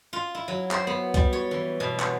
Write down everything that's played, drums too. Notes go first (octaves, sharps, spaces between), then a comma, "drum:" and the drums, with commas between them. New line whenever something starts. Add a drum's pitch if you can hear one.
F4
E4
F#3
C5, drum: clap
B3
G3, drum: kick C2, hi-hat
C#5
E3
B2
F#5, drum: clap